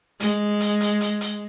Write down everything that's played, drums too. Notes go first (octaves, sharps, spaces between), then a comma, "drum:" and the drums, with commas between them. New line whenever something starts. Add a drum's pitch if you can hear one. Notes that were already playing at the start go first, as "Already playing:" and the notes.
G#3, drum: hi-hat
drum: hi-hat
drum: hi-hat
drum: hi-hat
drum: hi-hat